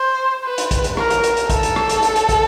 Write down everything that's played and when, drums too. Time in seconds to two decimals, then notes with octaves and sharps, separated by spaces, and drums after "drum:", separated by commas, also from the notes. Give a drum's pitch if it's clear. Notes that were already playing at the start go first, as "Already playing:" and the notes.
Already playing: C5
0.44 B4
0.58 drum: hi-hat
0.71 drum: kick, hi-hat
0.84 drum: hi-hat
0.97 A#4, drum: rim click
1.10 drum: hi-hat
1.24 drum: hi-hat
1.37 drum: hi-hat
1.50 A4, drum: kick, hi-hat
1.63 drum: hi-hat
1.76 drum: rim click
1.89 drum: hi-hat
2.02 drum: hi-hat
2.16 drum: hi-hat
2.29 drum: kick, hi-hat